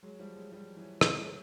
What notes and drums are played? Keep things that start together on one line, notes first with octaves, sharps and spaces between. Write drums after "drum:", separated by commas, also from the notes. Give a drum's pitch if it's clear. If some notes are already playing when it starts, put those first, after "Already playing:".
F#3 G#3
F3 G3
F#3 G#3
F3 G3
E3 F#3
F#3 G#3, drum: rim click
G3 A3